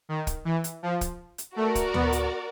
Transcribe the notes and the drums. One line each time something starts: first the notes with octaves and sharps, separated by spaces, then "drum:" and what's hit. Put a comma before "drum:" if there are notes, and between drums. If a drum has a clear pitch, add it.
D#3
drum: kick, hi-hat
E3
drum: hi-hat
F3
drum: kick, hi-hat
drum: hi-hat
A3 F#4 A#4 D5
drum: kick, hi-hat
B3, drum: tom D2
drum: hi-hat